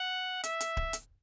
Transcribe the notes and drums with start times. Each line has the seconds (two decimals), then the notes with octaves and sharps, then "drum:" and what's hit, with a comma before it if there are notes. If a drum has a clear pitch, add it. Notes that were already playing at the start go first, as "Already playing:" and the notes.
Already playing: F#5
0.44 E5, drum: hi-hat
0.60 drum: hi-hat
0.77 drum: kick D1
0.93 drum: hi-hat